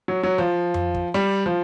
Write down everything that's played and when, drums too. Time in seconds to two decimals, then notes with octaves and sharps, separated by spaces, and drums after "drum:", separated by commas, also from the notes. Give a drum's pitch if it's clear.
0.08 F#3
0.23 F#3
0.38 F3
0.74 drum: tom F2
0.95 drum: kick
1.14 G3
1.46 F3